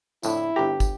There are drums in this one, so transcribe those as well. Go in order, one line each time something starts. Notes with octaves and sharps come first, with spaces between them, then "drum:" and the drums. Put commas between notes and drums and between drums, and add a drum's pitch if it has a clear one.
F2 A2 D3 E4, drum: tambourine
G1 G4 A#5
drum: kick, tambourine